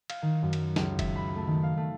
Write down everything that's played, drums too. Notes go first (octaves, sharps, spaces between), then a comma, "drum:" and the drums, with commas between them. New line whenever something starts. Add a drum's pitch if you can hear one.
F5, drum: cymbal
D#3
F#2
drum: cymbal
C#2, drum: snare
E5, drum: kick F1, cymbal
B5
A3
D#3
F5
A3